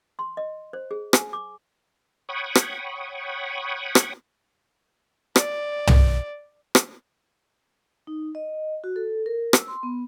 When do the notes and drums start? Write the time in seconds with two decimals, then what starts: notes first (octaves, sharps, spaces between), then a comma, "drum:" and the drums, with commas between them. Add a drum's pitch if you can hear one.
0.19 C6
0.37 D#5
0.73 C5
0.91 G#4
1.13 G#5, drum: rim click
1.33 D6
2.29 C#5 F#5 G5 B5 C#6 D#6
2.55 drum: rim click
3.95 drum: rim click
5.36 D5, drum: rim click
5.87 drum: tom
6.75 drum: rim click
8.07 D#4
8.35 D#5
8.84 F#4
8.96 A4
9.26 A#4
9.53 E6, drum: rim click
9.68 C6
9.83 B3